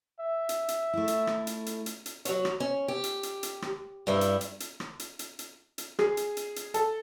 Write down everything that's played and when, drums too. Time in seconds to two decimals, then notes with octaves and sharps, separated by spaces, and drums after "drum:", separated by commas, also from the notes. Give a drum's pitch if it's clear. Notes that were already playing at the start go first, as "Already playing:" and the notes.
0.20 E5
0.49 drum: hi-hat
0.68 drum: hi-hat
0.93 A3 E4
1.08 drum: hi-hat
1.27 drum: rim click
1.47 drum: hi-hat
1.66 drum: hi-hat
1.86 drum: hi-hat
2.06 drum: hi-hat
2.25 F#3 F#4 C#5, drum: hi-hat
2.45 drum: rim click
2.60 C#4
2.88 G4
3.04 drum: hi-hat
3.23 drum: hi-hat
3.43 drum: hi-hat
3.62 drum: rim click
4.07 G2 G3 E4
4.21 drum: hi-hat
4.41 drum: hi-hat
4.60 drum: hi-hat
4.80 drum: rim click
5.00 drum: hi-hat
5.19 drum: hi-hat
5.39 drum: hi-hat
5.78 drum: hi-hat
5.99 G#4, drum: rim click
6.17 drum: hi-hat
6.37 drum: hi-hat
6.56 drum: hi-hat
6.74 A4, drum: hi-hat